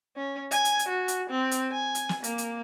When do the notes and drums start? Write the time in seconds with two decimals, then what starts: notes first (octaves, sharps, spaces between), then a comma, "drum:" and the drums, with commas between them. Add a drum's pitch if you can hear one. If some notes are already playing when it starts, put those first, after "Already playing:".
0.16 C#4
0.51 G#5, drum: hi-hat
0.65 drum: hi-hat
0.79 drum: hi-hat
0.89 F#4
1.08 drum: hi-hat
1.30 C4
1.51 drum: hi-hat
1.72 G#5
1.95 drum: hi-hat
2.09 drum: snare
2.24 A#3, drum: hi-hat
2.38 drum: hi-hat